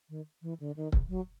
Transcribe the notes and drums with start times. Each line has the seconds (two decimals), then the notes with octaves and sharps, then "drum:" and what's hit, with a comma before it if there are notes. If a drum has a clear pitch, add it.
0.09 D#3
0.42 E3
0.60 D3
0.77 D#3
0.92 drum: kick C#1
1.09 F#3